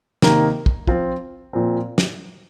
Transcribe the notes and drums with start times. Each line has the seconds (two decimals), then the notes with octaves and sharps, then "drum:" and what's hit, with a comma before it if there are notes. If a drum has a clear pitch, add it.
0.22 C3 D#3 A#3 D#4, drum: snare
0.66 drum: kick
0.87 F3 C4 F4, drum: kick
1.53 A#2 F3 C4
1.98 drum: snare